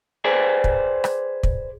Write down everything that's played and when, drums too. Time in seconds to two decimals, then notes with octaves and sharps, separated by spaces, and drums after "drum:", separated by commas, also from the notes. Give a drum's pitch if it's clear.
0.24 G#4 B4 C5 D5 G5 G#5
0.64 drum: kick
1.04 drum: rim click
1.43 drum: kick